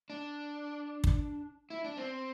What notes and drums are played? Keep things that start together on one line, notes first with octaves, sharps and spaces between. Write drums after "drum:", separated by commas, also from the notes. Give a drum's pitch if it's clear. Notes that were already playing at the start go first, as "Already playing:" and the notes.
D4
drum: kick
E4
D4
C4